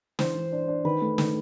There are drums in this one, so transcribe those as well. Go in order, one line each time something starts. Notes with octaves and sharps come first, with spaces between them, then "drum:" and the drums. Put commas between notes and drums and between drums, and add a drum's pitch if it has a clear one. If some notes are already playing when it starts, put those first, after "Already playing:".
E3 C5, drum: snare
E3
D4
D4
D#3 B4
A3
D#3, drum: snare